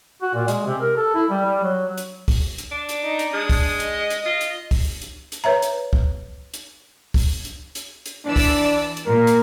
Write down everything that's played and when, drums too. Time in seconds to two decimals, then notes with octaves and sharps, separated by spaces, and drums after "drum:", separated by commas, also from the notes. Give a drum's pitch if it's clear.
0.22 F#4
0.34 A#2
0.48 G#3, drum: hi-hat
0.66 C3
0.82 A#4
0.97 A4
1.15 E4
1.30 G3
1.46 G3
1.63 F#3
1.98 drum: hi-hat
2.28 drum: kick, open hi-hat
2.58 drum: hi-hat
2.71 D4
2.89 drum: hi-hat
3.04 D#4
3.19 drum: hi-hat
3.33 G#3 D4 D#6
3.50 drum: kick, open hi-hat
3.80 D#5, drum: hi-hat
4.10 drum: hi-hat
4.26 F4
4.41 drum: hi-hat
4.71 drum: kick, open hi-hat
5.02 drum: hi-hat
5.32 drum: hi-hat
5.44 B4 C#5 E5 A#5
5.62 drum: hi-hat
5.93 drum: kick
6.54 drum: hi-hat
7.14 drum: kick, open hi-hat
7.45 drum: hi-hat
7.75 drum: hi-hat
8.06 drum: hi-hat
8.26 E3 D4 D5 E6
8.36 drum: kick, open hi-hat
8.97 drum: hi-hat
9.06 A#2 A#4
9.27 drum: hi-hat